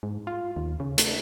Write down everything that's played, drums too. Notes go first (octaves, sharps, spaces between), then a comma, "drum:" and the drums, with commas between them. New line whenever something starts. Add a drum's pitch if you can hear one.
G#2
F4
D#2
C#3
A3, drum: hi-hat